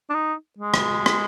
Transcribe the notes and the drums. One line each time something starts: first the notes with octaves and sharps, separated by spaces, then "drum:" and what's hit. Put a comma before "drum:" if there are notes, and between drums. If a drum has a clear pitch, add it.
D4
D#4
G#3
drum: rim click
drum: rim click